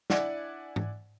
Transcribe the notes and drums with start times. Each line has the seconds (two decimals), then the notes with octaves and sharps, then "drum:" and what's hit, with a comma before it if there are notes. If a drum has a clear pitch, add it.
0.10 D4 E4 D5 F#5 G#5, drum: snare
0.76 drum: tom G#2